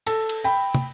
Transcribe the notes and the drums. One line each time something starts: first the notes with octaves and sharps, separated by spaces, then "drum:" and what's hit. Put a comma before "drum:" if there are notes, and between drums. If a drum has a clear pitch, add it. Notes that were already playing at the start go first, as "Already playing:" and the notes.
A4, drum: cymbal
drum: cymbal
G5 B5
drum: tom